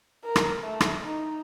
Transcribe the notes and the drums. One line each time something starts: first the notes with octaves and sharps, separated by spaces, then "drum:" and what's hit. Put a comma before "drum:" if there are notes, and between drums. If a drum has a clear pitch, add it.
A#4
drum: rim click
A3
drum: rim click
D#4